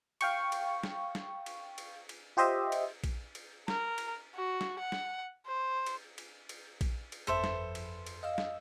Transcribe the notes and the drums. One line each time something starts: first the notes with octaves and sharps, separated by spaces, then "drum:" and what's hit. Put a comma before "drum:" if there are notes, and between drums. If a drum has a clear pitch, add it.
F5 G5 C#6, drum: cymbal
drum: cymbal
drum: snare
drum: snare
drum: cymbal
drum: cymbal
drum: cymbal
F4 G4 C5 D#5 E5
drum: cymbal
drum: kick A#1, cymbal
drum: cymbal
A#4, drum: snare
drum: cymbal
F#4
drum: snare
F#5
drum: snare
C5
drum: cymbal
drum: cymbal
drum: cymbal
drum: kick A#1, cymbal
drum: cymbal
G1 F2 A4 B4 C5 E5
drum: snare
drum: cymbal
drum: cymbal
D#5 F5 E6
drum: snare